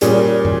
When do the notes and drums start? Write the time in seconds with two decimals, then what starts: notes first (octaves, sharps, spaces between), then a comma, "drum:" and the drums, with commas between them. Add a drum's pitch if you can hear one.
0.01 A#2 G3 A#3 C#4 G#4, drum: hi-hat
0.45 drum: tom